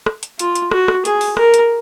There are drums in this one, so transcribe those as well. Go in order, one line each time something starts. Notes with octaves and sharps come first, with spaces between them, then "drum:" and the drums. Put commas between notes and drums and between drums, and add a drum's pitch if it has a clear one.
drum: rim click
drum: hi-hat
F4, drum: hi-hat
drum: hi-hat
F#4, drum: rim click
drum: rim click
G#4, drum: hi-hat
drum: open hi-hat
A#4, drum: rim click
drum: hi-hat